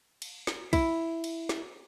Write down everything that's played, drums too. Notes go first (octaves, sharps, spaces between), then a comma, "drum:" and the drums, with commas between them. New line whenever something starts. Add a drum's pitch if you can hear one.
drum: cymbal
drum: snare
E4, drum: kick, cymbal
drum: cymbal
drum: snare